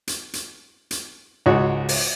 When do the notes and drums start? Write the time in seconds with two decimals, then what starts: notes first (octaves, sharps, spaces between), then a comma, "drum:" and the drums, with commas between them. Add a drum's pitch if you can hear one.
0.07 drum: hi-hat
0.33 drum: hi-hat
0.91 drum: hi-hat
1.46 C#2 G#2 F#4 C#5
1.89 drum: open hi-hat